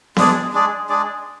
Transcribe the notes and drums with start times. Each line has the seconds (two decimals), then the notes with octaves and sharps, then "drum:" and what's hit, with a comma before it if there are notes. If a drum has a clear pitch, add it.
0.16 G#3 D4 G#4 D5, drum: snare B3
0.53 G#3 D4 G#4 D5
0.89 G#3 D4 G#4 D5